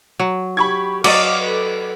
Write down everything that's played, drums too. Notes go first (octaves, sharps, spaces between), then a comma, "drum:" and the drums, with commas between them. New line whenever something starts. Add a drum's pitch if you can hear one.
F#3
G4 B5 C#6 G#6
F#3 D5 D#5 F5 D6, drum: cymbal
A4 B4